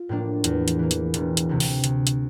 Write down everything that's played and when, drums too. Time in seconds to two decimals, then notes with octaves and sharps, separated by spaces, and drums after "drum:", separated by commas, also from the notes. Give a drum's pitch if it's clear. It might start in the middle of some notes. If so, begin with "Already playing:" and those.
Already playing: F4
0.09 A2 F3 A#3 D4
0.44 E2, drum: hi-hat
0.68 drum: hi-hat
0.79 E3 A#3
0.91 drum: hi-hat
1.14 E1, drum: hi-hat
1.37 drum: hi-hat
1.49 D2 C3
1.60 drum: open hi-hat
1.84 D2, drum: hi-hat
2.07 drum: hi-hat